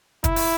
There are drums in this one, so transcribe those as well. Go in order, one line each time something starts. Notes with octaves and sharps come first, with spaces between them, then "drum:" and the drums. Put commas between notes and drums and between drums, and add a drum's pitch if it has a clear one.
E4, drum: kick, hi-hat
drum: open hi-hat